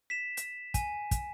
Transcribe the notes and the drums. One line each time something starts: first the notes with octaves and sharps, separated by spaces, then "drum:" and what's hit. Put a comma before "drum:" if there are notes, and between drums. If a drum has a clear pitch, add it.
B6 E7
drum: hi-hat
G#5, drum: kick, hi-hat
drum: kick, hi-hat